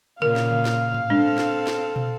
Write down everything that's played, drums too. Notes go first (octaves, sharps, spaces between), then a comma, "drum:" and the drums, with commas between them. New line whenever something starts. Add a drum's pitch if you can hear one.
A#2 C#3 A#4 F5, drum: tom C#3
drum: snare
drum: tom C#3
drum: snare
drum: tom
C4 D4 A4, drum: tom G3
drum: snare
drum: snare
drum: tom